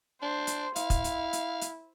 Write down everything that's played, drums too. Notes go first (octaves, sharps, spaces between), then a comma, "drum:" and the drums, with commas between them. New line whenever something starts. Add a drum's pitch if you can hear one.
D4 C5
drum: hi-hat
E4 F5, drum: hi-hat
drum: kick, hi-hat
drum: hi-hat
drum: hi-hat
drum: hi-hat